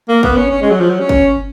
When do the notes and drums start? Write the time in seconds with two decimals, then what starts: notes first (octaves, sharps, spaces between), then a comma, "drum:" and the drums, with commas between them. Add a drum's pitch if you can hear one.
0.09 A#3
0.23 B3, drum: kick
0.36 C#4
0.51 C#4
0.62 G#3
0.71 F#3
0.80 F3
0.90 F#3
1.00 C#4
1.09 drum: kick